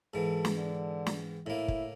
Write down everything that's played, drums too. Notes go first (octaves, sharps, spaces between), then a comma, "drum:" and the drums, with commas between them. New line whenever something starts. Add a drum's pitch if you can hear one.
G#2 E3 A4
drum: snare
D3
drum: snare
A2 A#3 E4
drum: kick